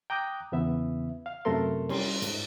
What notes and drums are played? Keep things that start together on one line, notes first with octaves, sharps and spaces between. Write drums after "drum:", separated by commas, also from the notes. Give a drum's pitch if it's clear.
G5 A#5 D6 D#6 F#6 G6
E2 C#3 E3 B3 E5
F5
F#2 C3 A3 A4 A#4 C6
G3 C#4 C6, drum: cymbal
G#2, drum: hi-hat